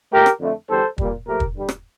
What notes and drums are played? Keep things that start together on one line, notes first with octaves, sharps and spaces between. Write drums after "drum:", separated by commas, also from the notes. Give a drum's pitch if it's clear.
A#2 A3 G4 A#4
drum: rim click
F2 D3 A3
E2 D3 G3 A4 C5
A#2 G3, drum: kick
A#2 F3 A3 G4 A#4
drum: kick
G2 D3 G3
drum: rim click